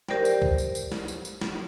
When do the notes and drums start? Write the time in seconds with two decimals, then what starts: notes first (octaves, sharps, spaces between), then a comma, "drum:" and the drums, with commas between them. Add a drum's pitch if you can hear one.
0.08 G4 A#4 C5 D5 G5, drum: snare
0.25 drum: tambourine
0.42 drum: kick C2
0.58 drum: tambourine
0.75 drum: tambourine
0.92 drum: snare
1.08 drum: tambourine
1.25 drum: tambourine
1.41 drum: snare